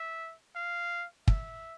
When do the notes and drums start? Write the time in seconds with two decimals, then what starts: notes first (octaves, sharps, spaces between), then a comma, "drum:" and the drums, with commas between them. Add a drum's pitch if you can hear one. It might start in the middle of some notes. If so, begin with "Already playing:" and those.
Already playing: E5
0.56 F5
1.28 E5, drum: kick